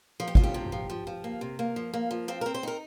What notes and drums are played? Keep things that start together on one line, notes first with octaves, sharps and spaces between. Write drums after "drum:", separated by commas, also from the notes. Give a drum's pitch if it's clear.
F3 A#4
G4
F3 F4, drum: kick
G4
C3
F3
F3
F3
A#3
C3
A#3
F3
A#3
F3
C4 F4
A#4
C4
C5
D#4 A#4